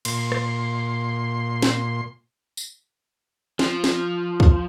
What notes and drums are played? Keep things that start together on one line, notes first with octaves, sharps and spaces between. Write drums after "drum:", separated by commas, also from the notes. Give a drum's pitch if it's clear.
A#2 C6, drum: cymbal
drum: rim click
drum: snare
drum: tambourine
F3, drum: snare
drum: snare
drum: kick